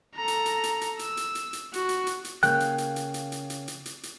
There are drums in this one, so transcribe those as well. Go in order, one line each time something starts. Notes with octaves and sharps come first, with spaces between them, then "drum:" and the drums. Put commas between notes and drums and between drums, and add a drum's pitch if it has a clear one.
A4 A#5
drum: hi-hat
drum: hi-hat
drum: hi-hat
drum: hi-hat
E6, drum: hi-hat
drum: hi-hat
drum: hi-hat
drum: hi-hat
F#4, drum: hi-hat
drum: hi-hat
drum: hi-hat
drum: hi-hat
C#3 A#3 C#4 G5 F#6, drum: hi-hat
drum: hi-hat
drum: hi-hat
drum: hi-hat
drum: hi-hat
drum: hi-hat
drum: hi-hat
drum: hi-hat
drum: hi-hat
drum: hi-hat